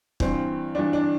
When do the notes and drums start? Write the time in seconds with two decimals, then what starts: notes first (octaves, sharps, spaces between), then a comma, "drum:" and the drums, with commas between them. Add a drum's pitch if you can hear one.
0.20 G2 E3 C4, drum: kick
0.75 G2 E3 D4
0.93 D4